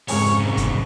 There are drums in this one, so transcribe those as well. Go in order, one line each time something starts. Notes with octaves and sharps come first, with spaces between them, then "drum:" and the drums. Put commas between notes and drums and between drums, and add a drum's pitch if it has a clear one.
F2 G#2 C#3 C#5, drum: open hi-hat
C2 D#3
drum: kick, hi-hat